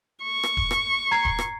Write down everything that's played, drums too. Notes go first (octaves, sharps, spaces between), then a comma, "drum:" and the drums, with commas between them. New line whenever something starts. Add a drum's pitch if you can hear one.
C#6
drum: rim click
drum: kick D#1
drum: rim click
A#5 G#6 C7
drum: kick D#1
drum: rim click